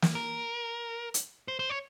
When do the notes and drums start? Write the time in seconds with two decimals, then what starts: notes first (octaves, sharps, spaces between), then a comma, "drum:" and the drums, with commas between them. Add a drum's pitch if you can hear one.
0.02 drum: snare
0.15 A#4
1.14 drum: hi-hat
1.48 C5
1.59 C5
1.70 C#5